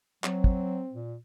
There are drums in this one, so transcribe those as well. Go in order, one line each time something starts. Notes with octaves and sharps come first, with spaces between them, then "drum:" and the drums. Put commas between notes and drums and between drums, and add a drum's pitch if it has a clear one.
F#3 C4, drum: clap
drum: kick
A#2